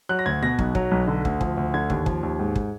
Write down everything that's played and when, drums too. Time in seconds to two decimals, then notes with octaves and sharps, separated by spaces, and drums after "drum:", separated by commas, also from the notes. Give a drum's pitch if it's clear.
0.09 F#3 F#6
0.19 A#6
0.26 D2 G#6
0.42 B2 A#6
0.59 B1, drum: kick
0.75 F#3, drum: kick
0.91 B1
1.07 D3
1.25 D2, drum: kick
1.41 F3, drum: kick
1.57 D2
1.74 D3 G#6
1.90 D#2, drum: kick
2.06 F3, drum: kick
2.23 D#2
2.39 G#2
2.56 drum: kick